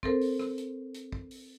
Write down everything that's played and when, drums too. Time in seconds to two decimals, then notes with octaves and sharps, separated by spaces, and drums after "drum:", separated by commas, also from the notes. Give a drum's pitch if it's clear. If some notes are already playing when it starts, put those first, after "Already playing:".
0.03 C4 A4 A#4 C5, drum: kick
0.21 drum: open hi-hat
0.39 drum: rim click
0.58 drum: hi-hat
0.94 drum: hi-hat
1.12 drum: kick
1.31 drum: open hi-hat